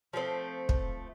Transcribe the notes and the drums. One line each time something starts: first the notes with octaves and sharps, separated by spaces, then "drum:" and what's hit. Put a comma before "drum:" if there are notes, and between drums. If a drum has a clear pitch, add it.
F3 A3 C4
drum: kick